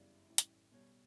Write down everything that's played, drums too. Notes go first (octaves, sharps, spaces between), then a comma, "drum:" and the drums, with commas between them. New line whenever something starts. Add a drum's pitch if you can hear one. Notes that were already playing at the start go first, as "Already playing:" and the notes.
Already playing: G1 F#2 C#3 E3 G3 D5
A1 A2 E3 G3
drum: hi-hat
B1 B2 G3 C#5